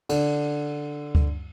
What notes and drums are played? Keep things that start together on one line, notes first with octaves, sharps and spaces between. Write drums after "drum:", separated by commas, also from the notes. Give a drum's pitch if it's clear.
D3, drum: cymbal
drum: kick D2